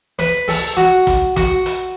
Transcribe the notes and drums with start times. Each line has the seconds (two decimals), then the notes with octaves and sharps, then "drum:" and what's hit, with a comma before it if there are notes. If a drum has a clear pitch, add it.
0.19 B4, drum: hi-hat
0.48 A4, drum: open hi-hat
0.77 F#4, drum: hi-hat
1.07 drum: kick, hi-hat
1.36 F#4, drum: kick, hi-hat
1.66 drum: hi-hat